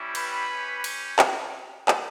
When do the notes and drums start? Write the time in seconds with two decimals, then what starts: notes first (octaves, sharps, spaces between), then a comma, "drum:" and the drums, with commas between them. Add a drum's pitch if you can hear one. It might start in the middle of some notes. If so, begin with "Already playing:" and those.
Already playing: G3 C#4 E4 G4
0.15 B4 B5, drum: cymbal
0.49 C#4 G4
0.84 drum: cymbal
1.19 drum: clap
1.88 drum: clap